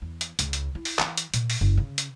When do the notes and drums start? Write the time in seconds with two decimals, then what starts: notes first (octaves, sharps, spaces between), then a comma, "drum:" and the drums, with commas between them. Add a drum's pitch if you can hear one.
0.02 E2
0.21 drum: hi-hat
0.39 C#2, drum: hi-hat
0.53 drum: hi-hat
0.75 E4
0.85 drum: open hi-hat
0.99 E3, drum: clap
1.17 drum: hi-hat
1.34 A#2, drum: hi-hat
1.50 drum: open hi-hat
1.61 F#1
1.77 C#3
1.98 drum: hi-hat